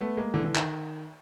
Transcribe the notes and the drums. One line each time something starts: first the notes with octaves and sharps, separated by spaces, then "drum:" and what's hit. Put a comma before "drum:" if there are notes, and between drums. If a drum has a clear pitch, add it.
A3 B3
G#3 A#3
D3 E3
D3 E3
D#3, drum: clap